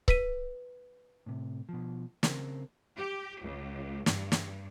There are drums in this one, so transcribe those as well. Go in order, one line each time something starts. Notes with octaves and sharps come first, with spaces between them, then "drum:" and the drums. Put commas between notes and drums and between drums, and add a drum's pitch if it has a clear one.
B4 B6 D#7, drum: kick C#1
A2 C3
B2 F3
C#3 C4 A#4, drum: snare
G4
C#2
G2, drum: snare
drum: snare